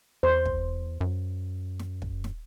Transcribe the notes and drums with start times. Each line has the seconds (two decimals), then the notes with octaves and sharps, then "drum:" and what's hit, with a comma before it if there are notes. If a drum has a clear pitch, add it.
0.23 E2 C5
0.45 drum: kick
1.01 F#2
1.79 drum: snare
2.02 drum: kick
2.24 drum: snare